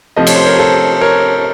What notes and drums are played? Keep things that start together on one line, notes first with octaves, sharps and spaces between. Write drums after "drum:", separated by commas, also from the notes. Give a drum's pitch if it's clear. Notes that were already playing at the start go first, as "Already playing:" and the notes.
C3 F3 A3 D#5
C#5, drum: cymbal
C5
A#4 C#5
A4 C5
A#4 C#5